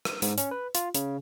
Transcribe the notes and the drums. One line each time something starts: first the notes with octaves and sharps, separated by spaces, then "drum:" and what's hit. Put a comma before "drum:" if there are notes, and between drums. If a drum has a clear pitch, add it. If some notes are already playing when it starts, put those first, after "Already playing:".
drum: rim click
G#2, drum: hi-hat
C#4, drum: hi-hat
B4
F4, drum: hi-hat
C#3, drum: hi-hat